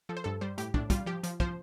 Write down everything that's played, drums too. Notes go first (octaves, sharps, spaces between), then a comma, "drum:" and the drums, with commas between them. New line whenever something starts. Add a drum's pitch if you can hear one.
F3 A4
C5
G2 A4
G3 C5
A2 G4, drum: hi-hat
A2 D4, drum: kick
G3 F4, drum: kick, hi-hat
F3 G4
F3, drum: hi-hat
F3 C5, drum: kick